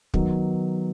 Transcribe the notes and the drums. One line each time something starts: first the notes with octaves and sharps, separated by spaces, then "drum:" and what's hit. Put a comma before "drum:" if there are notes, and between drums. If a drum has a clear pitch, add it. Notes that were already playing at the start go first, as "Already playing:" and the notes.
D#3 F#3 B3 D#4, drum: kick